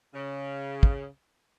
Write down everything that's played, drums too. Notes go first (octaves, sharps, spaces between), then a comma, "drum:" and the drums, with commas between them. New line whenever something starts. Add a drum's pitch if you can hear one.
C#3
drum: kick